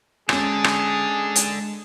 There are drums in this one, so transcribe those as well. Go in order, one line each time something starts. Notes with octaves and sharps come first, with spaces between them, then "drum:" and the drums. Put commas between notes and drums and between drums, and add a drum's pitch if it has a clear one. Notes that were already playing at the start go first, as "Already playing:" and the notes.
G#3 C#4 D4 G#4 A4 A5, drum: rim click
drum: rim click
drum: hi-hat